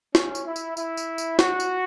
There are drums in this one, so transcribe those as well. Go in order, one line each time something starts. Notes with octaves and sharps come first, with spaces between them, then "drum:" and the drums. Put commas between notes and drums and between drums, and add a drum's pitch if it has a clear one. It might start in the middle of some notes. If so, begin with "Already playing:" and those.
C#4, drum: snare
drum: tambourine
E4
drum: tambourine
E4, drum: tambourine
drum: tambourine
drum: tambourine
F#4, drum: snare
drum: tambourine